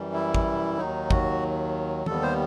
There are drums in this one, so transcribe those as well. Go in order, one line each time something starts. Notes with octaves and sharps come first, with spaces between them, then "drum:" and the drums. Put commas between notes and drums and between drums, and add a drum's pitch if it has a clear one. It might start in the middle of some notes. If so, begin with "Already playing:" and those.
Already playing: F#2 E3 G3
E4
drum: kick G#1
D#2 D#3 F#3 D#4
F#4, drum: kick G#1
D#2 D#3 G3 B3 A4, drum: tom E3
C5